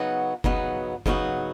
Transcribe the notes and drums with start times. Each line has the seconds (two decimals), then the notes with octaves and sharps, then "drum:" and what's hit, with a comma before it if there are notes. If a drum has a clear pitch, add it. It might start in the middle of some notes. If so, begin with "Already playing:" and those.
Already playing: C#3 F#3 B3 D#4 F#4
0.44 C#3 F#3 B3 D#4 F#4, drum: kick F#1
1.06 C#3 F#3 B3 D#4 F#4, drum: kick F#1